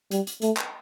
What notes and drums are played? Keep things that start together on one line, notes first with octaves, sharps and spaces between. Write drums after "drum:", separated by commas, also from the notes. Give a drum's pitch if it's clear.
G3, drum: hi-hat
drum: hi-hat
A3, drum: hi-hat
drum: clap